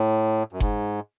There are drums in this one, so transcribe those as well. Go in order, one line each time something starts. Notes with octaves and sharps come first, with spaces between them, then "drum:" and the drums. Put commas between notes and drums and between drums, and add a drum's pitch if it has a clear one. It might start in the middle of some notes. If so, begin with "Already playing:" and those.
Already playing: A2
F#2
G#2, drum: kick F#1